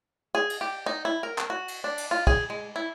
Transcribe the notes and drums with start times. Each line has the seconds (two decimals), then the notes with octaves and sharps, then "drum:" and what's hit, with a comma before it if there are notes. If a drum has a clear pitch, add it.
0.35 G#4
0.50 drum: cymbal
0.61 G4
0.86 D#4
1.05 E4
1.23 A#4
1.38 drum: clap
1.50 F#4
1.68 drum: cymbal
1.84 D4
1.97 drum: cymbal
2.11 F4
2.27 G#4, drum: kick
2.50 G#3
2.76 E4